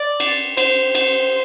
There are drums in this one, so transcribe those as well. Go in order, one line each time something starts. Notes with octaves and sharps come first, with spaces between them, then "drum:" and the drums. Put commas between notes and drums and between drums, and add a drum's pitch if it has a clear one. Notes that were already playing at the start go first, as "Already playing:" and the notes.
Already playing: D5
drum: cymbal
C5, drum: cymbal
drum: cymbal